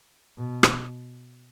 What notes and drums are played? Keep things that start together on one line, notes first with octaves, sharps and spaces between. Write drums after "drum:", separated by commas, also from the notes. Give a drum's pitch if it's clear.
B2
drum: rim click